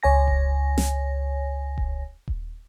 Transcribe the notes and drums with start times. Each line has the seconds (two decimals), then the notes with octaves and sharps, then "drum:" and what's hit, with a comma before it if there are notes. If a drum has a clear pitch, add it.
0.03 C#2 C#5 G#5 A#6
0.28 drum: kick D#1
0.78 drum: snare
1.78 drum: kick D#1
2.28 drum: kick D#1